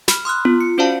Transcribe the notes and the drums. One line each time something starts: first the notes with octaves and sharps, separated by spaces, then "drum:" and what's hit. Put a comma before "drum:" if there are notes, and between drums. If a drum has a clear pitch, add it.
B5 F6, drum: snare
C6 D#6 F6 F#6
F4, drum: tom B3
C#7
C#4 F#4 C5 D5 F5 A5